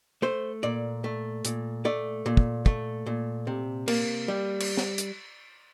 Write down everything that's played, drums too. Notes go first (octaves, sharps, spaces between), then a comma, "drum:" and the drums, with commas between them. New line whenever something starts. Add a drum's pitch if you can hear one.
A3 C5
A#2 D5
A3
A#2, drum: hi-hat
A3 D5
A#2
drum: kick
A3, drum: kick
A#2
C3
A#3, drum: cymbal
G3
drum: cymbal
drum: snare
drum: hi-hat